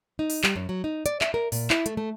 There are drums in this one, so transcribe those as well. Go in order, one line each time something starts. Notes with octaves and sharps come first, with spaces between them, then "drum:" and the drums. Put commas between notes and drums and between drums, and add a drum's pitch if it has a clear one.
D#4
drum: open hi-hat
G3, drum: clap
F#2
F#3
D#4
D5, drum: hi-hat
E5, drum: clap
A#4
A#2, drum: open hi-hat
E4, drum: clap
A3, drum: hi-hat
A3